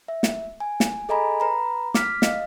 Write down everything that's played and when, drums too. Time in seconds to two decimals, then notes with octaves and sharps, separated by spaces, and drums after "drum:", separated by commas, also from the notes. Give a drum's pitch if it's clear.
0.08 E5
0.23 drum: snare
0.60 G#5
0.80 drum: snare
1.09 G#4 A4 D#5 G#5 A#5 B5
1.40 B4 A#5 B5
1.94 D6 F6 B6, drum: snare
2.22 D#5 F5, drum: snare